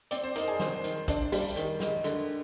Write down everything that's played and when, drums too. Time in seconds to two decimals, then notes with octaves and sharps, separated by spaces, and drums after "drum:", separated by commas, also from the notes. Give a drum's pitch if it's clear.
0.11 C4 D5, drum: hi-hat
0.23 C5
0.36 D#4 A#4, drum: hi-hat
0.48 G#4
0.60 D#3 C5, drum: snare
0.84 D#3, drum: hi-hat
1.08 D4, drum: kick, hi-hat
1.32 G3, drum: open hi-hat
1.56 D#3, drum: hi-hat
1.80 G#3, drum: snare
2.04 D3, drum: hi-hat